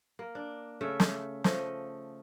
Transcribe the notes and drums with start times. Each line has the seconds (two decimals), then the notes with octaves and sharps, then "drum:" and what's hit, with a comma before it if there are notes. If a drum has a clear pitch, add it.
0.19 A#3
0.35 D4
0.81 C#3 A3 E5
1.00 drum: snare
1.44 F3 A3 D#5, drum: snare